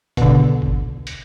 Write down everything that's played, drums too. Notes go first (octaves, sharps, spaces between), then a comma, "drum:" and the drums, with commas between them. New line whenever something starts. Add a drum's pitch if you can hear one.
B2 D3, drum: kick G#1, hi-hat
drum: kick G#1
drum: hi-hat